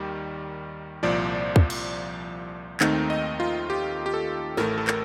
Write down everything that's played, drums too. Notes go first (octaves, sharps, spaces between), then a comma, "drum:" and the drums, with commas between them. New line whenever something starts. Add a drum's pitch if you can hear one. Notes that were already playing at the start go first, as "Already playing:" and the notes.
Already playing: D#2 D#3 G3 G4
C2 A#2 F3 D5
drum: kick
drum: cymbal
D#2 D#3 A3 C4 D#4, drum: clap
D#5
F4
G4
G4
A4
A1 A2 A3 A#4, drum: snare
A4
A#4, drum: clap